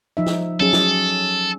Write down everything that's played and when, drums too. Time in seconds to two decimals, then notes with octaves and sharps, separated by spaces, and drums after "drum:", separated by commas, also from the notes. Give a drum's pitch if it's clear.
0.17 F3 D#4 E5
0.26 drum: snare
0.60 F#3 C#4 G#4 A4
0.73 drum: snare